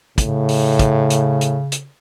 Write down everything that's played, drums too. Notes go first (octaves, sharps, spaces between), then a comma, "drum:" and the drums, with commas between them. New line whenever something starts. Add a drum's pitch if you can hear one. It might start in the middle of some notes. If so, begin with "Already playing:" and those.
A2 C#3, drum: kick, hi-hat
drum: open hi-hat
drum: kick, hi-hat
drum: hi-hat
drum: hi-hat
drum: hi-hat